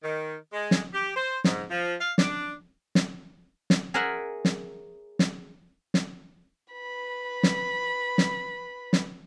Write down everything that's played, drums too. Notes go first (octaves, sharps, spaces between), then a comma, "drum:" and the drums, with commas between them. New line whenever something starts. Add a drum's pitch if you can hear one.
D#3
G#3
drum: snare
G4
C5
G#2, drum: snare
F3
F5
D4, drum: snare
drum: snare
drum: snare
G#4 A#4 C#5 E5 F#5
drum: snare
drum: snare
drum: snare
B4 B5
drum: snare
drum: snare
drum: snare